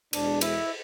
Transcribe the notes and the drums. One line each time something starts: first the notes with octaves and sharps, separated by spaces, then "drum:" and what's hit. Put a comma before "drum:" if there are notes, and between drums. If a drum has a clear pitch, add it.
E2 B2 G#3 D4, drum: cymbal
E4, drum: cymbal